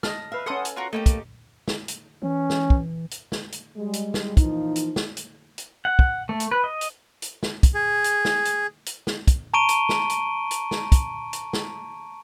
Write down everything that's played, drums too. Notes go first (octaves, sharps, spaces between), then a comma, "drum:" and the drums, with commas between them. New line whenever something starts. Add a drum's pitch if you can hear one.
D#5 A5 F6, drum: snare
B4 E5 F5
C#4 A4 F#5 C6 D#6
drum: hi-hat
F4 F#4 A#4
A3 A#3 D#4 E4 G4
drum: kick, hi-hat
drum: snare
drum: hi-hat
E3 C#4
drum: snare
drum: kick
drum: hi-hat
drum: snare
drum: hi-hat
G3 G#3
drum: hi-hat
drum: snare
E3 F3 A#3 D#4, drum: kick, hi-hat
drum: hi-hat
drum: snare
drum: hi-hat
drum: hi-hat
F#5
drum: kick
A3
drum: hi-hat
B4
D#5
drum: hi-hat
drum: hi-hat
drum: snare
drum: kick, hi-hat
G#4
drum: hi-hat
drum: snare
drum: hi-hat
drum: hi-hat
drum: snare
drum: kick, hi-hat
A5 A#5 C#6 D7 D#7 G7
drum: hi-hat
drum: snare
drum: hi-hat
drum: hi-hat
drum: snare
drum: kick, hi-hat
drum: hi-hat
drum: snare